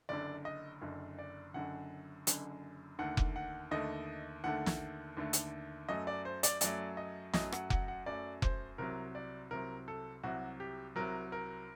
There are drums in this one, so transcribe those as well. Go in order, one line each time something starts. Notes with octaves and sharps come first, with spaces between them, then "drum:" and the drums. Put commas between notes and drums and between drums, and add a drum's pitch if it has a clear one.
F#1 F#2 D3 D5
D#5
F#1 F#2 D3
D5
F#1 F#2 D3 F#5
F#1 F#2 D3, drum: hi-hat
D#2 D3 A3 F#5
drum: kick F1
F#5
D#2 D3 A3 D#5
D#2 D3 A3 F#5
drum: snare
D#2 D3 A3
drum: hi-hat
F#2 F#3 A3 D#5
D5
C5
D5, drum: hi-hat
F#2 F#3 A3 D5, drum: hi-hat
D#5
F#2 F#3 A3 D#5, drum: snare
F#5, drum: rim click
F#5, drum: kick F1
F#5
F#2 F#3 A3 D5
C5, drum: kick F1
C2 C3 F#3 A#4
D5
C2 C3 F#3 A#4
A4
C2 C3 F#3 F#4
G4
C2 C3 F#3 A#4
A#4